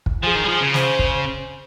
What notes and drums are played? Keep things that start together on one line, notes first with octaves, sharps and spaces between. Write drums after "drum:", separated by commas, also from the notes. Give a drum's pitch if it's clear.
drum: kick
F3 G#4
D#3
G3
F3
C#3
C5, drum: snare
drum: kick